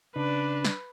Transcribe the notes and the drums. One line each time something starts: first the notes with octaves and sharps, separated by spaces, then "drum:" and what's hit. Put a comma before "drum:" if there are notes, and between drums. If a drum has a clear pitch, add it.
C#3 D4 B4
drum: snare